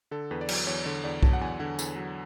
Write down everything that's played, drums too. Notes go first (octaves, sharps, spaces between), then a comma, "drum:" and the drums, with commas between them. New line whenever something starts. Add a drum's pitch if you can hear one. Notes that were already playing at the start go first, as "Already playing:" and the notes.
D3 A4
E2 B4
D5
F#3 C#5, drum: cymbal
E2 C#5
D3 C#5
E2 D5
F#3 A5, drum: kick B1
F#5
E2 G#5
D3 F#5
E2, drum: tambourine
F#3